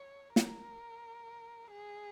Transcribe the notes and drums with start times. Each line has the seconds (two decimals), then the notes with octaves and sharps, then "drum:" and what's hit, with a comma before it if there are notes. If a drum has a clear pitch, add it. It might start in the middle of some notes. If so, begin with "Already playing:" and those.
Already playing: C#5
0.36 A#4, drum: snare
1.70 G#4